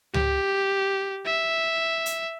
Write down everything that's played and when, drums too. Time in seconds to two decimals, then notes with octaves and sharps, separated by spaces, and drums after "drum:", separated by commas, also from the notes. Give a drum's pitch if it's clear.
0.14 G4, drum: tom C#2
1.26 E5
2.06 drum: hi-hat